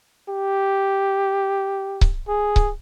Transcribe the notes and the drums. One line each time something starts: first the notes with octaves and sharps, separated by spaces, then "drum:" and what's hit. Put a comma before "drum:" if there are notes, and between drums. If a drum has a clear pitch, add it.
G4
drum: kick C#1
G#4
drum: kick C#1